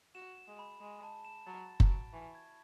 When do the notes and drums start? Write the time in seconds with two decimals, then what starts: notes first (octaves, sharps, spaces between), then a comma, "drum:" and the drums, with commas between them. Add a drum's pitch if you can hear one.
0.15 F#4 E7
0.37 E7
0.48 G#3
0.59 B5
0.81 G#3 E7
1.03 A5
1.25 E7
1.47 F#3 A6
1.69 A6
1.80 F#3, drum: kick F#1
1.91 D7
2.13 E3 C#6
2.35 G#6